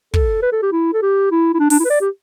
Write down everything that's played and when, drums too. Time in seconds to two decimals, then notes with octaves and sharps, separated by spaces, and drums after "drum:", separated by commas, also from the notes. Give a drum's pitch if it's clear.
0.14 A4, drum: kick
0.42 B4
0.52 A4
0.62 G4
0.72 E4
0.93 A4
1.02 G4
1.31 E4
1.54 E4
1.59 D4
1.70 D4, drum: open hi-hat
1.80 E4
1.85 B4
1.90 D5
2.01 G4